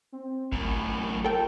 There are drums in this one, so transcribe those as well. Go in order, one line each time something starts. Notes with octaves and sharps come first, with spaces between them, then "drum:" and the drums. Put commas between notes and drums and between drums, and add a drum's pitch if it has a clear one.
C4
F#2 A2 B5, drum: kick G#1
F4 A4 A#4 G5